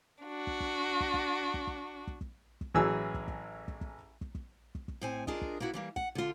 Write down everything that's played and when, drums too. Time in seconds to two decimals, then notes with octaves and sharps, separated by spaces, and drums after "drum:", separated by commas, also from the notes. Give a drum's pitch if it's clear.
0.23 D4 F#4
0.47 drum: kick
0.60 drum: kick
1.01 drum: kick
1.14 drum: kick
1.54 drum: kick
1.67 drum: kick
2.07 drum: kick
2.21 drum: kick
2.61 drum: kick
2.74 A1 E3 F#3 G#4 E6, drum: kick
3.14 drum: kick
3.28 drum: kick
3.68 drum: kick
3.81 drum: kick
4.21 drum: kick
4.35 drum: kick
4.75 drum: kick
4.88 drum: kick
5.01 A2 C4 G#5
5.27 D4 F4 G#4 A#4 D#5, drum: kick
5.42 drum: kick
5.60 A#3 B3 E4 F#4
5.74 E3 G3 A#3
5.96 F#5, drum: kick
6.15 D3 F4